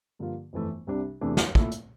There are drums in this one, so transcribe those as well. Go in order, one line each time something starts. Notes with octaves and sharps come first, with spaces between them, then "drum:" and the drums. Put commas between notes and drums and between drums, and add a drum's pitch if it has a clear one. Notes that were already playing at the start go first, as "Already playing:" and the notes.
G2 D3 F3 A#3 F4
G1 F2 E3 A3 E4
C2 C3 G3 D4
E2 C3 E3 A3 D4
drum: snare
A#2 A3 E4, drum: kick
drum: hi-hat